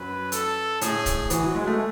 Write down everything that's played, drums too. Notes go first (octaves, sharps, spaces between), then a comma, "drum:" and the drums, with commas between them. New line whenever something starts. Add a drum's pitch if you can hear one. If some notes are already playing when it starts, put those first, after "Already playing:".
Already playing: F#2 B4
A4, drum: hi-hat
A2 G#4, drum: hi-hat
drum: kick, hi-hat
E3 F#4, drum: hi-hat
F#3
G#3
A3